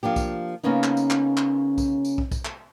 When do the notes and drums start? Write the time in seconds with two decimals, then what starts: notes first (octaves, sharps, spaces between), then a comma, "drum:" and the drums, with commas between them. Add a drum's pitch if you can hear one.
0.03 F3 A#3 D4 G4
0.16 drum: kick, tambourine
0.63 C#3 A#3 B3 C#4 D#4
0.84 drum: clap
0.97 drum: tambourine
1.10 drum: clap
1.37 drum: clap
1.78 drum: kick, tambourine
2.05 drum: tambourine
2.18 drum: kick
2.32 drum: kick, tambourine
2.45 drum: clap